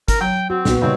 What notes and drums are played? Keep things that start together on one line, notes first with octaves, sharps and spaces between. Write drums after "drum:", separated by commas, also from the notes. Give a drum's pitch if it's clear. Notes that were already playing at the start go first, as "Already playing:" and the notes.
A#4, drum: kick, hi-hat
F#3 G5
C4 F#4
B1 A#2 B3 F#4, drum: snare
C#3 G3 C4 D#4 C#5